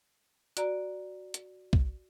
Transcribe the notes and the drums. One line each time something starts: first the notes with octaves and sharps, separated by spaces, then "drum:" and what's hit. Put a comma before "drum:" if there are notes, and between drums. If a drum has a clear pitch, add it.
F#4 D5 A#5, drum: hi-hat
drum: hi-hat
drum: kick